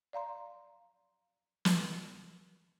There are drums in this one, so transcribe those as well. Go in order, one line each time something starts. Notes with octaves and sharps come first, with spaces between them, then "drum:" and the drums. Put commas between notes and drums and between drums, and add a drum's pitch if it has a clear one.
D5 F5 A#5 C6
drum: snare